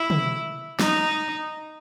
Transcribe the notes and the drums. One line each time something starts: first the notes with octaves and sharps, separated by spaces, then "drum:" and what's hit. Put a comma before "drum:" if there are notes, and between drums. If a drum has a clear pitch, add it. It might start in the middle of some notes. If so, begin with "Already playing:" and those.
Already playing: E4
drum: tom
D#4, drum: snare